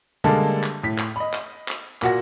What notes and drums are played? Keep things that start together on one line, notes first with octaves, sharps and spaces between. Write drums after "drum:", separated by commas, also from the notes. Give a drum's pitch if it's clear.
D3 G3 G#3 A#3 D4 A4
drum: clap
A2 B6
drum: clap
D#5 B5
drum: clap
drum: clap
A#2 F#4 F#5 A#6, drum: clap